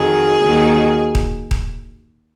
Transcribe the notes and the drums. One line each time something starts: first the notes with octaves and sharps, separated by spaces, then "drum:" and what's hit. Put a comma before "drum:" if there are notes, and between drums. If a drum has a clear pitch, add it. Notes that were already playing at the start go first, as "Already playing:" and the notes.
Already playing: F2 D#3 F#3 G#4
D#2 D#3 F#3
drum: kick D#1
drum: kick D#1